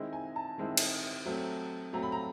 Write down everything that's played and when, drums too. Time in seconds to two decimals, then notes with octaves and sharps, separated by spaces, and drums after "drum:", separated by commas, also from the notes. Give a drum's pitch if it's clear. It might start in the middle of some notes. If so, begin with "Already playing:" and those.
Already playing: D#3 G#3 C4 E4 D#5
0.13 G#5
0.36 A5
0.58 D#3 G#3 C4 E4
0.77 drum: cymbal
1.26 F#3 A3 C4
1.93 F#3 A3 C4 A#5
2.03 B5
2.12 A#5